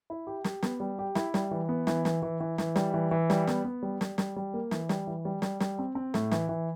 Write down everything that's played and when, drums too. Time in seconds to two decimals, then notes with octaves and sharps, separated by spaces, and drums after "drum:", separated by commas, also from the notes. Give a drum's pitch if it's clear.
0.10 E4
0.27 G4
0.44 G4, drum: snare
0.63 B3, drum: snare
0.80 G3
0.99 G4
1.15 E4, drum: snare
1.34 G3, drum: snare
1.51 E3
1.69 B3
1.87 E3, drum: snare
2.05 E3, drum: snare
2.23 E3
2.40 E3
2.58 E3, drum: snare
2.76 G3, drum: snare
2.94 E3
3.11 E3
3.30 G3, drum: snare
3.47 B3, drum: snare
3.65 B3
3.83 G3
4.01 G3, drum: snare
4.18 G3, drum: snare
4.36 G3
4.54 A#3
4.71 E3, drum: snare
4.89 G3, drum: snare
5.07 E3
5.25 G3
5.42 G3, drum: snare
5.60 G3, drum: snare
5.79 C4
5.95 C4
6.14 A2, drum: snare
6.31 E3, drum: snare
6.49 E3